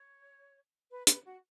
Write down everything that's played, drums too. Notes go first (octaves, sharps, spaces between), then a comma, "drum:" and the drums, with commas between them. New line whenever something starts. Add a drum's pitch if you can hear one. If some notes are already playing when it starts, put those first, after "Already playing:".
Already playing: C#5
B4
B4, drum: hi-hat
F#4